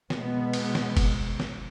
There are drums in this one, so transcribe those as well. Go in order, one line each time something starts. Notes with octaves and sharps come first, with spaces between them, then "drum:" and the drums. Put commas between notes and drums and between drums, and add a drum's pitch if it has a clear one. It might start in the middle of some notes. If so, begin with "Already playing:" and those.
B2 G#3 B3, drum: snare
drum: cymbal
drum: snare
drum: kick F#1, cymbal
drum: snare